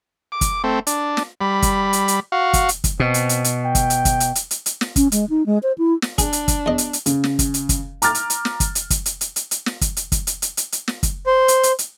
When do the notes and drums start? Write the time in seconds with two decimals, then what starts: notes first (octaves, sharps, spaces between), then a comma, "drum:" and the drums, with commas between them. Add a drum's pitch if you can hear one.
0.32 D6
0.41 drum: kick, hi-hat
0.64 A3 C4
0.87 D4, drum: hi-hat
1.17 drum: snare
1.41 G3 B5
1.62 drum: kick, hi-hat
1.93 drum: hi-hat
2.08 drum: hi-hat
2.32 F#4 F5
2.53 drum: kick, hi-hat
2.69 drum: hi-hat
2.84 drum: kick, hi-hat
3.00 B2 C4
3.14 drum: hi-hat
3.29 drum: hi-hat
3.44 drum: hi-hat
3.65 G5
3.75 drum: kick, hi-hat
3.90 drum: hi-hat
4.05 drum: kick, hi-hat
4.20 drum: hi-hat
4.35 drum: hi-hat
4.51 drum: hi-hat
4.66 drum: hi-hat
4.81 drum: snare
4.96 C#4, drum: kick, hi-hat
5.12 G#3, drum: hi-hat
5.30 D#4
5.46 G#3
5.63 C5
5.78 E4
6.02 drum: snare
6.18 D4 G#4, drum: kick, hi-hat
6.33 drum: hi-hat
6.48 drum: kick, hi-hat
6.66 E2 D#5
6.78 drum: hi-hat
6.93 drum: hi-hat
7.06 C#3, drum: hi-hat
7.24 drum: snare
7.39 drum: kick, hi-hat
7.54 drum: hi-hat
7.69 drum: kick, hi-hat
8.02 A#5 D6 F6 A6, drum: hi-hat
8.15 drum: hi-hat
8.30 drum: hi-hat
8.45 drum: snare
8.60 drum: kick, hi-hat
8.75 drum: hi-hat
8.90 drum: kick, hi-hat
9.06 drum: hi-hat
9.21 drum: hi-hat
9.36 drum: hi-hat
9.51 drum: hi-hat
9.66 drum: snare
9.81 drum: kick, hi-hat
9.97 drum: hi-hat
10.12 drum: kick, hi-hat
10.27 drum: hi-hat
10.42 drum: hi-hat
10.57 drum: hi-hat
10.72 drum: hi-hat
10.88 drum: snare
11.03 drum: kick, hi-hat
11.26 C5
11.48 drum: hi-hat
11.63 drum: hi-hat
11.79 drum: hi-hat